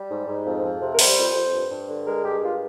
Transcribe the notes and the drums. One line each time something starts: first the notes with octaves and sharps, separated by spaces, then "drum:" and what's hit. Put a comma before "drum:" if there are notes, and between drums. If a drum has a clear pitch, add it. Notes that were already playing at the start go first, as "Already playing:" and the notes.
Already playing: G3
G#2
G#2
F2
F2
C3
A#4
G3 C5, drum: open hi-hat
F2
F2
G2
G2
D3
G#3 A#4
G2 G4
G2 F4